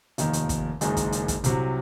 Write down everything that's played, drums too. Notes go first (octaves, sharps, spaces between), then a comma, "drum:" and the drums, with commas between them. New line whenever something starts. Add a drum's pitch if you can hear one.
F1 D#2 D#3, drum: hi-hat
drum: hi-hat
drum: kick, hi-hat
F#1 F#2 D#3 G#3, drum: hi-hat
drum: kick, hi-hat
drum: hi-hat
drum: kick, hi-hat
C2 C3 F#3, drum: hi-hat